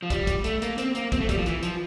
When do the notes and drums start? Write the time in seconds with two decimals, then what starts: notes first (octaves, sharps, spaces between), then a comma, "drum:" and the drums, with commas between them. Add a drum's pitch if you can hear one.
0.02 F3
0.10 G3, drum: kick, hi-hat
0.27 drum: kick, hi-hat
0.44 A3, drum: hi-hat
0.62 A#3, drum: hi-hat
0.78 C4, drum: hi-hat
0.95 A#3, drum: hi-hat
1.12 C4, drum: kick, hi-hat
1.20 A3
1.29 G3, drum: kick, hi-hat
1.37 F3
1.46 E3, drum: hi-hat
1.62 F3, drum: hi-hat